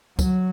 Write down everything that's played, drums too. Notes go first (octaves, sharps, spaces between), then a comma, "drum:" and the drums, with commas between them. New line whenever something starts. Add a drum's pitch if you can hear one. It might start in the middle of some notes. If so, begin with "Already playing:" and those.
F#3, drum: kick, tambourine